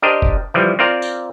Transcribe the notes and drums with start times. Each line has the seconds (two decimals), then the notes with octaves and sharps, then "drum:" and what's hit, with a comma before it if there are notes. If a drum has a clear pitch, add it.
0.02 D4 G4 A#4 C5 D#5
0.22 drum: kick F1
0.54 E3 F3 G3
0.79 C4 F4 A#4 D5
1.02 drum: tambourine